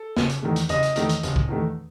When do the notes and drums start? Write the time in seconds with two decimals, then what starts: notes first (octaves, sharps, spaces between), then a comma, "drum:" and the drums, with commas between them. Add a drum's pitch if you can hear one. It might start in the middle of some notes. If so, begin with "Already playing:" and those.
Already playing: A4
0.17 F#1, drum: snare
0.30 drum: hi-hat
0.43 E2 D#3 A3
0.56 drum: hi-hat
0.69 F#1 D#5, drum: hi-hat
0.83 drum: hi-hat
0.96 E2 D#3 A3, drum: hi-hat
1.09 drum: hi-hat
1.23 F#1, drum: hi-hat
1.36 drum: kick
1.49 E2 D#3 A3